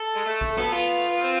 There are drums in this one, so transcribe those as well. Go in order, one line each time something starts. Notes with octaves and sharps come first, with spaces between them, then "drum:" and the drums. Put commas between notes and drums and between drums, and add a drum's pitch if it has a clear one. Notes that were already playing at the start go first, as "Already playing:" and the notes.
Already playing: A4
G#3
A3
drum: kick A#1
B3 A4, drum: snare
F4
A3
B3
C4